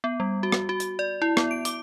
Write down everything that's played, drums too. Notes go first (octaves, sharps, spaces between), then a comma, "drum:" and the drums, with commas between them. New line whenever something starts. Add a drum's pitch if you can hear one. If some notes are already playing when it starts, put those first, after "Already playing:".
B3
G3
F#4
drum: rim click
F#4
drum: hi-hat
D5
E4
B3, drum: rim click
D7
D6, drum: hi-hat